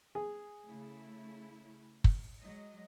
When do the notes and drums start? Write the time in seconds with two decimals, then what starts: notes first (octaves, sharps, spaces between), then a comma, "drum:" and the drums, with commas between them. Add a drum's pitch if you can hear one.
0.15 G#4
0.67 C#3 A3 E4
2.04 drum: kick
2.40 F#3 G#3 D#5